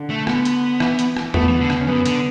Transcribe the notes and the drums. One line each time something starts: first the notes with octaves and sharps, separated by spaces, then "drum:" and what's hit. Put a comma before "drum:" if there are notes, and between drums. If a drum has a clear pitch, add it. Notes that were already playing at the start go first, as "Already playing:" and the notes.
Already playing: D3
A3
B3, drum: rim click
drum: hi-hat
E3, drum: rim click
drum: hi-hat
drum: rim click
A3 B3, drum: tom E2
E3
D3
drum: rim click
C#4
F#2 B3
D3, drum: hi-hat